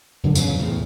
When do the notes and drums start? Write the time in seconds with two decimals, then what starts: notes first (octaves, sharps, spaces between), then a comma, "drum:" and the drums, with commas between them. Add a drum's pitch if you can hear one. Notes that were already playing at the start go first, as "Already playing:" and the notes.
0.23 F#2 D3
0.35 E2 C#3 F3 F#3, drum: tambourine
0.59 E2 A2 C#3 F3